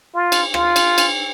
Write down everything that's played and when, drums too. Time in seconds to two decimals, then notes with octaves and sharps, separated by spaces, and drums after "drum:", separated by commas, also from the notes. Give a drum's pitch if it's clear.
0.14 F4
0.32 drum: cymbal
0.54 F4, drum: rim click
0.76 drum: cymbal
0.98 drum: cymbal